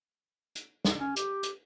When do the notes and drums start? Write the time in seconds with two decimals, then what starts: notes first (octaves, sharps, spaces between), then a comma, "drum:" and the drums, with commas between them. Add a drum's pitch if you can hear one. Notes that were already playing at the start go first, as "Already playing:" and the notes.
0.55 drum: hi-hat
0.85 drum: snare
0.99 C#4
1.16 G4, drum: hi-hat
1.43 drum: hi-hat